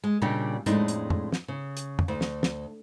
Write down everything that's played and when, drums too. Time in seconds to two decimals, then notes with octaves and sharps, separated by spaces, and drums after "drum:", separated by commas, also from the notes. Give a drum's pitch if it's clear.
0.04 G#3
0.22 A#2 C#3 G3 D4 D#4 G4
0.66 F2 A2 G#3 A3 D4 D#4, drum: hi-hat
0.88 drum: hi-hat
1.10 drum: tom
1.32 drum: snare
1.48 C#3
1.77 drum: hi-hat
1.99 drum: tom
2.08 D2
2.21 drum: snare
2.43 drum: snare